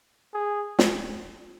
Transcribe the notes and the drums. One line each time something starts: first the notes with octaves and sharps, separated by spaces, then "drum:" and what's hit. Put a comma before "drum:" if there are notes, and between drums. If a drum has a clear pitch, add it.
G#4
drum: snare